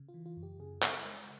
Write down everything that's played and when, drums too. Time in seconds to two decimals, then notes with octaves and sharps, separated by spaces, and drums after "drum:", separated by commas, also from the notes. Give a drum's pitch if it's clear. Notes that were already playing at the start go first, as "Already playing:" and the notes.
Already playing: C#3
0.09 F4
0.14 E3
0.26 F4
0.37 F#2
0.43 G4
0.60 C#3 G#4
0.82 C#3 A4, drum: clap
1.05 G#3 A#4